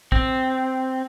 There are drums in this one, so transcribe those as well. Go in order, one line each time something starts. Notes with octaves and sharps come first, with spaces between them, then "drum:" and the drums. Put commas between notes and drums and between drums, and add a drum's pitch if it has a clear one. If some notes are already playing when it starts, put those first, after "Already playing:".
C4, drum: kick